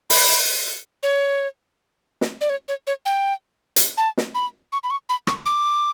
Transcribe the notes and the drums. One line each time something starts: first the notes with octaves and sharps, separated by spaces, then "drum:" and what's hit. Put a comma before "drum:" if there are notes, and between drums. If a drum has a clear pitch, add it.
B5, drum: open hi-hat
C#5
drum: snare
D5
C#5
C#5
C#5
G5
drum: hi-hat
A5
drum: snare
B5
C#6
B5
C#6
B5
C#6, drum: rim click
D6